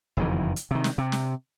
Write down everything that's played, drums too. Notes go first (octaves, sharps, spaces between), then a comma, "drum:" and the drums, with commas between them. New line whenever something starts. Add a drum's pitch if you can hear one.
F#1 F2 D#3 E3
drum: hi-hat
C3 D#3
drum: snare
C3
drum: snare